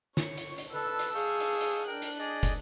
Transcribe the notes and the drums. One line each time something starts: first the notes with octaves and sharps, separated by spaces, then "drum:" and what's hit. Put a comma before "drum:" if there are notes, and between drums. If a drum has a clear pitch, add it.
C#5 C#6, drum: snare
drum: hi-hat
drum: hi-hat
A4 B4 A5 E6
drum: hi-hat
G#4 F5 C#6 G6
drum: hi-hat
drum: hi-hat
D4 A#4 G5 F#6
drum: hi-hat
G#4 D5 D#5
drum: kick, hi-hat